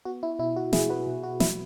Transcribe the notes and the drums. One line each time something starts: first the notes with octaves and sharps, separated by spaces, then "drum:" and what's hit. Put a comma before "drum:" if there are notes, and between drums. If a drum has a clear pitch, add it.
B3 F#4
E4
B2 E4
F#4
B2 E4 G#4, drum: snare
F#4 B4
B2
F#4
F#3 E4, drum: snare